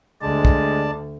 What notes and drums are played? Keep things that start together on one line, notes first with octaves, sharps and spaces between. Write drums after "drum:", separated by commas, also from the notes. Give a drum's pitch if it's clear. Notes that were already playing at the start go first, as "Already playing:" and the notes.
D2 G#3 D5 A5
drum: kick